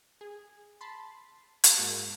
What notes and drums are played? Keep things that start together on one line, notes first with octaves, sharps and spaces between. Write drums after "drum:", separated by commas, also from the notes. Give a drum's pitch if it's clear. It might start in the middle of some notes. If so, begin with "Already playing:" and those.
G#4
A5 B5 C6
drum: hi-hat
G#2 A#3 F#4